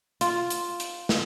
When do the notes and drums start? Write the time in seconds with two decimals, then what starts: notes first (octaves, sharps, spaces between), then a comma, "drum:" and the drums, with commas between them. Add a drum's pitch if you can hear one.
0.21 F4, drum: hi-hat
0.50 drum: hi-hat
0.80 drum: hi-hat
1.09 drum: snare